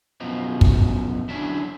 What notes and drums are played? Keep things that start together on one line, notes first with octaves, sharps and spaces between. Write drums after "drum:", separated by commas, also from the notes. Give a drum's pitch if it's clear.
F#2 B2 F3 D#4
drum: kick
D3 F#3 C#4 D4 E4